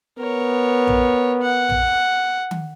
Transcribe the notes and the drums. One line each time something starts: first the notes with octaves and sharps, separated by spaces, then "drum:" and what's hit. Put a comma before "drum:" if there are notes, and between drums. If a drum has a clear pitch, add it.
B3 A#4 C#5
drum: tom A#1
F#5
drum: tom A#1
drum: tom D#3